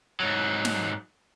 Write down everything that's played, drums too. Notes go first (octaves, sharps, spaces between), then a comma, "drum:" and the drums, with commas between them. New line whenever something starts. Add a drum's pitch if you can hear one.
G#2 F#3
drum: snare